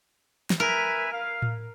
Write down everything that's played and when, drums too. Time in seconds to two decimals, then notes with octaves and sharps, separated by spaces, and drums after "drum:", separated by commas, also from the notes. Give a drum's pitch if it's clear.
0.50 drum: snare
0.60 A#4 B4 E5 G#5
1.12 F5
1.42 drum: tom A2